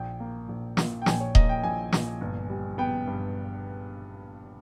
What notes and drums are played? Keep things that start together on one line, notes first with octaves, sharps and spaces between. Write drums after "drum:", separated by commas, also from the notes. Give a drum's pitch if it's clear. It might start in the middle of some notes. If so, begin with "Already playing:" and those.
Already playing: A#1 G5
A#3
A#1
A#2, drum: snare
G5
A#1 G#5, drum: snare
C#5
A#3 D#5, drum: kick D#1
G5
A#1 G#5
A#2, drum: snare
G1
G3
B3 G5
G2